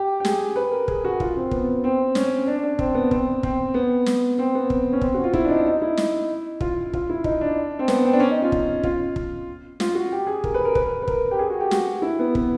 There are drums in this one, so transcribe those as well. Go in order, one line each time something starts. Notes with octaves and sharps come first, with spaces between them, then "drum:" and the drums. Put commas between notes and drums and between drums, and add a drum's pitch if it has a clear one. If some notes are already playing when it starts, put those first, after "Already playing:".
Already playing: G4
G4
G#4, drum: snare
B4
A#4
G#4, drum: kick
F#4
F4, drum: kick
C4
B3, drum: kick
C4
C#4, drum: snare
D4
D4
C4, drum: kick
B3
C4, drum: kick
C4, drum: kick
B3
drum: snare
C4
B3
drum: kick
C#4
C4, drum: kick
F#4
F4
E4, drum: kick
D4
D#4
D#4
E4
drum: snare
F4, drum: kick
F4, drum: kick
E4
D#4, drum: kick
D4
C4
B3, drum: snare
C4
D4
C#4
D#4
F4
drum: kick
F4, drum: kick
drum: kick
F4, drum: snare
F#4
G4
G#4
A#4, drum: kick
B4
A#4
B4, drum: kick
A#4
B4
A#4, drum: kick
G4
G#4
F#4
G4
F#4, drum: snare
E4
B3
B3, drum: kick